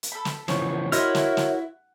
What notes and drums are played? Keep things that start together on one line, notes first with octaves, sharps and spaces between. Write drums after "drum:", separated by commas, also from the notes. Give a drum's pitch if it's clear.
drum: hi-hat
A4 B5
drum: snare
C#3 E3 F3 C#5, drum: snare
E4 F#4 A#4 C#5 D#5 E5 C6 F6, drum: hi-hat
drum: snare
drum: snare